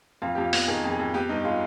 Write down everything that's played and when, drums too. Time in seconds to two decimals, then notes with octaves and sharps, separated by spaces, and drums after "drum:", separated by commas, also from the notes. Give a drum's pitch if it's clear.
0.22 F2 F4
0.35 F2 G4
0.45 F4
0.53 B3, drum: open hi-hat
0.68 D#3 G#4
0.84 F2
0.91 G#4
0.99 F2
1.14 B3 G4
1.29 G2 D#4
1.44 G#3 F4